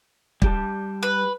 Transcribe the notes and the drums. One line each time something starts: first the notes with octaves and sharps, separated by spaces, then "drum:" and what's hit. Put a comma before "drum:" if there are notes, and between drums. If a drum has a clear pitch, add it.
G3 G4 A5, drum: kick
B4